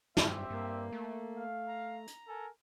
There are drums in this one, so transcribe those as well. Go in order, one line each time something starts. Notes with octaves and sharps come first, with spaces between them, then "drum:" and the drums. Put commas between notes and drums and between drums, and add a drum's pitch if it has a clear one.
G2 C4 G4 E5, drum: snare
G2 A#3
A3
F5
A#5
drum: hi-hat
A4 A#4 G#5